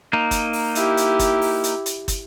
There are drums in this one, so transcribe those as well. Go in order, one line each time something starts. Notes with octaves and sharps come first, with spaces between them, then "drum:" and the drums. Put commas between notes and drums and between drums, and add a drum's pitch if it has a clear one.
A#3 D#4
drum: kick, hi-hat
drum: open hi-hat
E4 G4, drum: hi-hat
drum: hi-hat
drum: kick, hi-hat
drum: open hi-hat
drum: hi-hat
drum: hi-hat
drum: kick, hi-hat